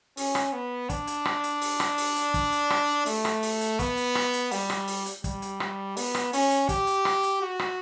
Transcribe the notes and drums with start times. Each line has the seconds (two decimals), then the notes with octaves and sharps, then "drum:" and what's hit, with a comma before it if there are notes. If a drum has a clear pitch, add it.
0.17 C#4, drum: open hi-hat
0.35 drum: rim click
0.53 B3
0.90 D4, drum: kick, hi-hat
1.07 drum: hi-hat
1.25 drum: rim click
1.44 drum: hi-hat
1.62 drum: open hi-hat
1.80 drum: rim click
1.98 drum: open hi-hat
2.16 drum: hi-hat
2.34 drum: kick, hi-hat
2.52 drum: hi-hat
2.70 drum: rim click
3.06 A3, drum: open hi-hat
3.25 drum: rim click
3.43 drum: open hi-hat
3.61 drum: hi-hat
3.79 B3, drum: kick, hi-hat
3.97 drum: hi-hat
4.15 drum: rim click
4.33 drum: hi-hat
4.51 G3, drum: open hi-hat
4.70 drum: rim click
4.88 drum: open hi-hat
5.06 drum: hi-hat
5.24 G3, drum: kick, hi-hat
5.42 drum: hi-hat
5.60 drum: rim click
5.97 B3, drum: open hi-hat
6.15 drum: rim click
6.33 C#4, drum: open hi-hat
6.51 drum: hi-hat
6.69 G4, drum: kick, hi-hat
6.87 drum: hi-hat
7.05 drum: rim click
7.23 drum: hi-hat
7.42 F#4
7.59 drum: rim click